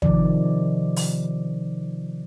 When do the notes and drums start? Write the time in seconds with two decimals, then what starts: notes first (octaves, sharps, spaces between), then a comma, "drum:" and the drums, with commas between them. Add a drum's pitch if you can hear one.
0.02 C3 D#3 F3 D5, drum: kick
0.96 drum: open hi-hat